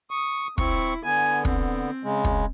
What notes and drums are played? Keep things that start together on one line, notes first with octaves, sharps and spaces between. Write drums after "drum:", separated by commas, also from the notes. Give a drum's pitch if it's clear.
C#6 D#6
C4 E4 C#6, drum: kick
D3 B3 G#5
C4, drum: kick
C#3 G#3
drum: kick